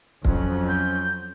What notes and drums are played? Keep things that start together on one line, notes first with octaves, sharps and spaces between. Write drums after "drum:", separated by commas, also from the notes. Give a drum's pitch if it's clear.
F2 F3 F#3 C#4, drum: kick
G6